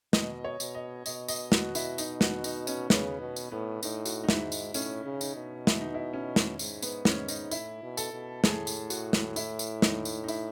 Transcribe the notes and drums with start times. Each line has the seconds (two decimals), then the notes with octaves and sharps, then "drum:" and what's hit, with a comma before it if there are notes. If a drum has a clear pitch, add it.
0.13 B2 D#5, drum: snare
0.44 C#5
0.60 B2, drum: tambourine
0.75 D#5
1.06 B2 D#5, drum: tambourine
1.28 D#5, drum: tambourine
1.52 F#4, drum: snare
1.75 E4, drum: tambourine
1.98 D#4, drum: tambourine
2.21 F#4, drum: snare
2.44 D#4, drum: tambourine
2.67 C#4, drum: tambourine
2.90 C#3 B3, drum: snare
3.20 B2
3.36 drum: tambourine
3.52 A2 B3
3.83 A2 D#4, drum: tambourine
4.06 F#4, drum: tambourine
4.24 D#4
4.29 G#2 E4, drum: snare
4.52 drum: tambourine
4.74 A2 C#4, drum: tambourine
5.05 C#3
5.21 D#4, drum: tambourine
5.36 B2
5.67 E4, drum: snare
5.81 D#4
5.94 E4
6.13 C#4
6.36 drum: snare
6.59 G#2, drum: tambourine
6.82 B3, drum: tambourine
7.05 G#2 C#4, drum: snare
7.29 D#4, drum: tambourine
7.51 A2 E4, drum: tambourine
7.83 B2
7.97 A4, drum: tambourine
8.13 B2
8.44 A2 G#4, drum: snare
8.67 drum: tambourine
8.90 F#4, drum: tambourine
9.13 drum: snare
9.36 E4, drum: tambourine
9.59 drum: tambourine
9.82 D#4, drum: snare
10.05 drum: tambourine
10.24 D#4
10.28 E4, drum: tambourine